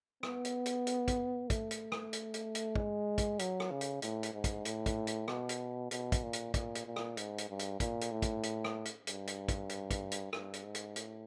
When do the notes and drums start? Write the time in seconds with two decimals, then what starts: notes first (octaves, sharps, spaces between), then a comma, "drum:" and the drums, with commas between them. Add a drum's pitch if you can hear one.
0.23 B3, drum: rim click
0.45 drum: hi-hat
0.66 drum: hi-hat
0.87 drum: hi-hat
1.08 drum: kick, hi-hat
1.50 A3, drum: kick, hi-hat
1.71 drum: hi-hat
1.92 drum: rim click
2.13 drum: hi-hat
2.34 drum: hi-hat
2.55 drum: hi-hat
2.76 G#3, drum: kick
3.18 drum: kick, hi-hat
3.39 F#3, drum: hi-hat
3.60 drum: rim click
3.71 C#3
3.81 drum: hi-hat
4.02 A2, drum: hi-hat
4.23 drum: hi-hat
4.33 G#2
4.44 drum: kick, hi-hat
4.65 A2, drum: hi-hat
4.86 drum: kick, hi-hat
5.07 drum: hi-hat
5.28 B2, drum: rim click
5.49 drum: hi-hat
5.91 B2, drum: hi-hat
6.12 drum: kick, hi-hat
6.23 A#2
6.33 drum: hi-hat
6.54 A#2, drum: kick, hi-hat
6.75 drum: hi-hat
6.86 A#2
6.96 drum: rim click
7.17 G#2, drum: hi-hat
7.38 drum: hi-hat
7.49 G2
7.59 drum: hi-hat
7.80 A#2, drum: kick, hi-hat
8.01 drum: hi-hat
8.12 A2
8.22 drum: kick, hi-hat
8.43 drum: hi-hat
8.64 drum: rim click
8.85 drum: hi-hat
9.07 G2, drum: hi-hat
9.27 drum: hi-hat
9.48 drum: kick, hi-hat
9.69 drum: hi-hat
9.91 drum: kick, hi-hat
10.12 drum: hi-hat
10.33 G2, drum: rim click
10.54 drum: hi-hat
10.64 G#2
10.75 drum: hi-hat
10.96 A2, drum: hi-hat